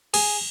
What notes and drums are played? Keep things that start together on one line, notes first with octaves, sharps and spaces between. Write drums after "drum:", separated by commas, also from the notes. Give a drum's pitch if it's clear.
G#4, drum: cymbal